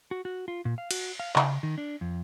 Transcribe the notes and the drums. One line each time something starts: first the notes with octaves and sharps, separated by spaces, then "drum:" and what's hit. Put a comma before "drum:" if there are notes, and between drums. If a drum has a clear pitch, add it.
F#4
F#4
F4
A#2
F5
F#4, drum: cymbal
F5
C#3, drum: clap
D#3
D4
F2